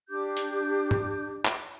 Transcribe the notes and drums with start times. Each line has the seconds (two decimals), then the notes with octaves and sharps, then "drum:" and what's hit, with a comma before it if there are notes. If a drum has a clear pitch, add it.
0.10 D4 G4 D6 G6
0.37 drum: hi-hat
0.91 drum: tom
1.45 drum: clap